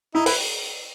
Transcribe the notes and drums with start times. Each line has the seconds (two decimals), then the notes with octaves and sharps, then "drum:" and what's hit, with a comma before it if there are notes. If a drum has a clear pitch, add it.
0.15 D#4 E4
0.26 E4 B4, drum: open hi-hat